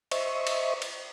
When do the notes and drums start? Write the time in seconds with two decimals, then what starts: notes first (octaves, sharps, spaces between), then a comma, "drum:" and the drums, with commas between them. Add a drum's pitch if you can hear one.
0.12 C5 D#5 E5 C#6, drum: cymbal
0.47 drum: cymbal
0.82 drum: cymbal